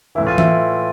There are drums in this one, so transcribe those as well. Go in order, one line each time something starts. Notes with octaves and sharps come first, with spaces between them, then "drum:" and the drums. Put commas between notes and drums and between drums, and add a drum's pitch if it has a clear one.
A2 E3 E4
F4
E4, drum: tom E3